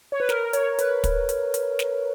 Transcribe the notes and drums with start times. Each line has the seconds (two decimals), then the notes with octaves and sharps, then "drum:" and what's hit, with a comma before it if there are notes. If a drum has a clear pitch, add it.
0.12 C#5
0.20 B4
0.29 A#4, drum: snare
0.53 C#5, drum: hi-hat
0.79 B4, drum: hi-hat
1.04 drum: kick, hi-hat
1.29 drum: hi-hat
1.54 drum: hi-hat
1.79 drum: snare